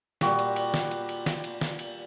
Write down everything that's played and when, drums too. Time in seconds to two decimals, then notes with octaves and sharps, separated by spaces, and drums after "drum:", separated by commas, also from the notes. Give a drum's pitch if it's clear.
0.21 A#2 G3 F#4, drum: snare
0.39 drum: cymbal
0.56 drum: cymbal
0.74 drum: snare
0.91 drum: cymbal
1.09 drum: cymbal
1.26 drum: snare
1.44 drum: cymbal
1.61 drum: snare
1.79 drum: cymbal